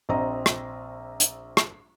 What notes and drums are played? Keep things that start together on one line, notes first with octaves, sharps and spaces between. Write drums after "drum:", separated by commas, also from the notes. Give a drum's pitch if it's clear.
A#1 C4 D#5 A#5
drum: rim click
drum: hi-hat
drum: rim click